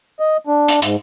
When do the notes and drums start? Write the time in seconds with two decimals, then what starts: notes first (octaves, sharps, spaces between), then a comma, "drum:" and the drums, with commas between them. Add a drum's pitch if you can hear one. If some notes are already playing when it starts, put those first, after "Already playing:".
0.20 D#5
0.47 D4
0.68 drum: hi-hat
0.82 G#2, drum: hi-hat